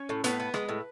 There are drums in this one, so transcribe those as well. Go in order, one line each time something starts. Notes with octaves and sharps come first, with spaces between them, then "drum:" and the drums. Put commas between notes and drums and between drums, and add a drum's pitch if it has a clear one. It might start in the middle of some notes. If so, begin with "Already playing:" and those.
Already playing: C#4 C#5
A2
A2 B3 B4, drum: hi-hat
B3
G#3, drum: rim click
A2